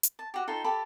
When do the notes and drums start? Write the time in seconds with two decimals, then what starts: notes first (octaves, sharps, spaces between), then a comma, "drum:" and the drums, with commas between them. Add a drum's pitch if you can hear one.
0.03 drum: hi-hat
0.19 A5
0.34 F#4 G4
0.48 D#4 F4 A4 G5
0.64 G4 A4 A5 B5